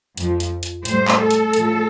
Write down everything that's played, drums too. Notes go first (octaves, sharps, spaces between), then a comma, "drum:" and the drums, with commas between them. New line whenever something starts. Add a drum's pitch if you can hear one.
F2 F3, drum: hi-hat
drum: hi-hat
drum: hi-hat
A2 G3 C5, drum: hi-hat
drum: clap
A4
drum: hi-hat
A2 F3, drum: hi-hat